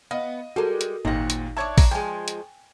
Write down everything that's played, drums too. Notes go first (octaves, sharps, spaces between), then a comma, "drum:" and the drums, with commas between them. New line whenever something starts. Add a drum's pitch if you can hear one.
B3 D#5 F5
G3 G#3 F#4 A4 A#4
drum: hi-hat
G#1 D#2 A#2 F3 D#4 F#5 A#6
drum: hi-hat
D4 C#5 E5 A5 C#6 G#6
A#5, drum: kick A#1, open hi-hat
F3 G#3 G5 G#5
drum: hi-hat